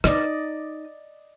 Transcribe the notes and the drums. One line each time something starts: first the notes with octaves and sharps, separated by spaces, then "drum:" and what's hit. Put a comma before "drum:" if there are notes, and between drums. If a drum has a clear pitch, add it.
D#4 D5 D#5, drum: rim click